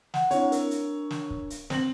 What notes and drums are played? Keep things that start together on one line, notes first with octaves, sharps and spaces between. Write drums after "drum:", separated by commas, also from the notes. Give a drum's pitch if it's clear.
F#5, drum: snare
C4 D4 E4 C#5, drum: hi-hat
D4 A#4, drum: hi-hat
drum: hi-hat
drum: snare
drum: kick
drum: hi-hat
C4 F#7, drum: snare